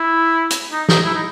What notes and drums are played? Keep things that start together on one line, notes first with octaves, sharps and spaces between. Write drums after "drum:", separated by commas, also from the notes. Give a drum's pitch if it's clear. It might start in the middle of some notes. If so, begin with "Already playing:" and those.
Already playing: E4
drum: hi-hat
D#4
D#4, drum: snare
E4
D#4